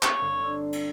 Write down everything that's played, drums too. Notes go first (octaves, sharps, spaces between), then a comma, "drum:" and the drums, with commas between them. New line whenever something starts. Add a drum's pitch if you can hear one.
C#5 F5, drum: clap
G1 C4
D4 C6 E6
drum: cymbal